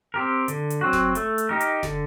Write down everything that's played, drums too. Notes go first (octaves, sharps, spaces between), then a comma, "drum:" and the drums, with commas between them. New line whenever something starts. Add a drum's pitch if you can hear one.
C4 G4 A#4
D3, drum: hi-hat
drum: hi-hat
F#3 C4 F#4
drum: snare F#1
A3, drum: hi-hat
drum: hi-hat
D#4 G4 A#4
drum: hi-hat
D3, drum: snare F#1